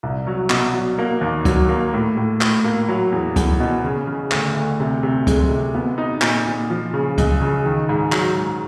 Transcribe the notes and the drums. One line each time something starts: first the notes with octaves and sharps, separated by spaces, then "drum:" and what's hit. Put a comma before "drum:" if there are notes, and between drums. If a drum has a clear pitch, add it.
C2
F#3
B2, drum: clap
F#3
A#3
D#2
F#3, drum: kick C#2, hi-hat
A#3
A2
A2
A2, drum: clap
A#3
F#3
E2
E2, drum: kick C#2, hi-hat
B2
C#3
C#3
D2, drum: clap
D2
C3
C3
G#3, drum: kick C#2, hi-hat
C3
B3
D#4
A#2, drum: clap
A#2
F3
C#3
C#2, drum: kick C#2, hi-hat
C#3
D#3
G#2
F#3, drum: clap
G#2